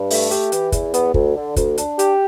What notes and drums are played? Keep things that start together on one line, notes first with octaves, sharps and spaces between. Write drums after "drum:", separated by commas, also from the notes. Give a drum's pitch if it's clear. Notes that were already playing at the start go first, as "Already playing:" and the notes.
Already playing: G2
A3, drum: open hi-hat
G4, drum: hi-hat
E3, drum: hi-hat
E2, drum: kick, hi-hat
B3, drum: hi-hat
D2, drum: kick
D3
D2, drum: kick, hi-hat
D4, drum: hi-hat
G4, drum: hi-hat